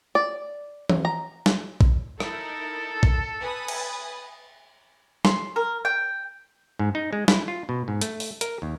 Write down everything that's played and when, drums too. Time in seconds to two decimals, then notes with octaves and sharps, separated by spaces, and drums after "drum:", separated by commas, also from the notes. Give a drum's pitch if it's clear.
0.15 D5
0.89 drum: tom E3
1.05 A#5
1.46 drum: snare
1.81 drum: kick A#1
2.20 D#4 E4 A4 A#4, drum: rim click
3.03 drum: kick A#1
3.40 B4 G#5 D#6
3.68 drum: cymbal
5.25 C6, drum: snare
5.56 A#4
5.85 G5
6.79 G#2
6.95 D#4
7.13 G#3
7.28 E4, drum: snare
7.48 F4
7.69 B2
7.88 G#2
8.01 A3, drum: hi-hat
8.20 drum: open hi-hat
8.41 A#4, drum: hi-hat
8.62 D#2